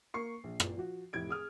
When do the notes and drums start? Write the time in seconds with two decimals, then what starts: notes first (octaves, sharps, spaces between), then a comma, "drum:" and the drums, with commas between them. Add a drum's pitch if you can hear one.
0.14 A#3 C#6 C7
0.44 A#1
0.60 A#2, drum: rim click
0.77 F3 F#4
1.13 F1 A2 G#6 D7
1.29 G#4 D#6 F6